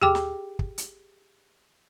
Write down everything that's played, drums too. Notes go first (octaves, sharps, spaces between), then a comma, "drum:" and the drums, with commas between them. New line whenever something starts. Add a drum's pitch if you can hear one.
G4 G#4 G5 D6, drum: tom D#2
drum: snare
drum: kick
drum: hi-hat